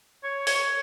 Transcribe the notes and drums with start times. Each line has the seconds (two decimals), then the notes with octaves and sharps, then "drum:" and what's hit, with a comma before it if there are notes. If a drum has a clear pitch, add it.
0.23 C#5
0.47 C#5, drum: open hi-hat